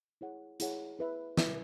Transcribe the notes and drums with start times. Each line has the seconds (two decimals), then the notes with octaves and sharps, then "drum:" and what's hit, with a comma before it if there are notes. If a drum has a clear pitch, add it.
0.21 E4 G#4 C#5 F#5
0.60 E4 G#4 C#5 F#5, drum: hi-hat
0.99 E4 B4 E5
1.37 E4 B4 E5, drum: snare